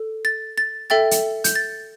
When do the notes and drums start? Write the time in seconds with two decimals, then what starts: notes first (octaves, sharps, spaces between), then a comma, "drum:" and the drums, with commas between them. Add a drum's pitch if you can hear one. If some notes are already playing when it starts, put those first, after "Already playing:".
Already playing: A4
0.25 A6
0.58 A6
0.90 A4 E5 G5 A6
1.11 drum: hi-hat
1.44 G6, drum: hi-hat
1.55 A6